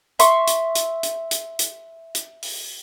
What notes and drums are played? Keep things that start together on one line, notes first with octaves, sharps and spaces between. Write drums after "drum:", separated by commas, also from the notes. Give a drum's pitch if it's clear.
E5 C6 C#6, drum: hi-hat
drum: hi-hat
drum: hi-hat
drum: hi-hat
drum: hi-hat
drum: hi-hat
drum: hi-hat
drum: open hi-hat